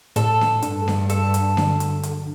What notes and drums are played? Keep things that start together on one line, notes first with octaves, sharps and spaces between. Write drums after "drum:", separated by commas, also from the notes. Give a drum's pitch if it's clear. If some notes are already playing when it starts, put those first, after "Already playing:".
A2 A4, drum: hi-hat
drum: snare D4
G2 D4, drum: hi-hat
drum: snare D4
A4, drum: hi-hat
drum: hi-hat
D3 F#3 D4, drum: snare D4
drum: hi-hat
drum: hi-hat